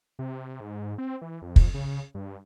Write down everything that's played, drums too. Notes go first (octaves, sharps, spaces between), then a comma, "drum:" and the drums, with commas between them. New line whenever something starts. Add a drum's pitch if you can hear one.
C3
G#2
C4
E3
F2
drum: kick
C#3
G2